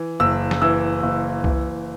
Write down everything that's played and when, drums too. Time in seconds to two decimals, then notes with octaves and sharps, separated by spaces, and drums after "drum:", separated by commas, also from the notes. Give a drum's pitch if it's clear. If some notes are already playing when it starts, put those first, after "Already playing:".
Already playing: E3
0.20 F#1 E6
0.51 drum: snare
0.62 E3 E6
1.03 F#1
1.44 E3, drum: kick C2